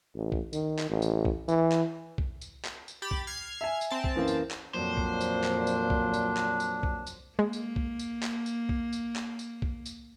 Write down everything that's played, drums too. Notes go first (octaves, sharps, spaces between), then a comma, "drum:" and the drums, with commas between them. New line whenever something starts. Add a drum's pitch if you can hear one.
A1
drum: kick B1
D#3, drum: tambourine
drum: clap
A1
drum: tambourine
drum: kick B1
E3, drum: tambourine
drum: clap
drum: kick B1
drum: tambourine
drum: clap
drum: tambourine
G4 B5 A6
drum: kick B1
F6 G#6 C7
E5 G#5
drum: tambourine
C4 A5
drum: kick B1
F#2 E3 A#3
drum: tambourine
drum: clap
F2 A#2 F#3 D4 C5
drum: kick B1
drum: tambourine
drum: clap
drum: tambourine
drum: kick B1
drum: tambourine
drum: clap
drum: tambourine
drum: kick B1
drum: tambourine
G#3 A#3
drum: tambourine
drum: kick B1
drum: tambourine
drum: clap
drum: tambourine
drum: kick B1
drum: tambourine
drum: clap
drum: tambourine
drum: kick B1
drum: tambourine